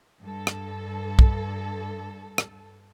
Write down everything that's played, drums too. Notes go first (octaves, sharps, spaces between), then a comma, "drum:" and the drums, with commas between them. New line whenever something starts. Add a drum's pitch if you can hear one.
G2 A4
drum: rim click
drum: kick
drum: rim click